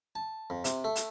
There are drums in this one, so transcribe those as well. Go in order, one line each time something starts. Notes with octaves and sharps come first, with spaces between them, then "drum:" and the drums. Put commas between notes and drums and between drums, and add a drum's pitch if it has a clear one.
A5
F2
C3, drum: hi-hat
A3
drum: hi-hat